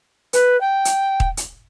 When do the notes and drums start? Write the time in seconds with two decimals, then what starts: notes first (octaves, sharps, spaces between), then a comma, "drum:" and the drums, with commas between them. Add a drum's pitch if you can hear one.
0.33 B4, drum: hi-hat
0.60 G5
0.85 drum: hi-hat
1.20 drum: kick D#1
1.37 drum: hi-hat